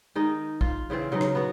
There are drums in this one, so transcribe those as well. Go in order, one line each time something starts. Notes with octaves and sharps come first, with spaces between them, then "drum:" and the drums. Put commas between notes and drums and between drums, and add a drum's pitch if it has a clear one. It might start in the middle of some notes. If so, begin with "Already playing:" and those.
D#3 G#3 D#4
F4, drum: kick
C#3 E3 C4 F4
C#3 F#3 B3 D#4
drum: rim click
B3 F#4